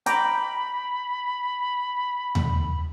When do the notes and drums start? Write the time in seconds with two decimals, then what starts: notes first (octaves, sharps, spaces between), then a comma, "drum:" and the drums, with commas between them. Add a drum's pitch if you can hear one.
0.06 G5 A#5 B5 D6, drum: hi-hat
2.35 drum: tom D#2